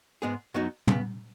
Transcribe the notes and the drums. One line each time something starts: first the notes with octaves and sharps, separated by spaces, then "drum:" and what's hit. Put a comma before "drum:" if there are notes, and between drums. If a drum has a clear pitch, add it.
G#2 G#3 B3 G#4
F#2 F#3 B3 D#4 F#4
C#2 C#3 B3, drum: tom